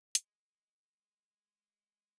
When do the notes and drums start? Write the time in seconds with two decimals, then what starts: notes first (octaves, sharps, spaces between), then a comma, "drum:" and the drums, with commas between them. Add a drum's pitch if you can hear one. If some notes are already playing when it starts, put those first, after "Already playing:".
0.15 G#3, drum: hi-hat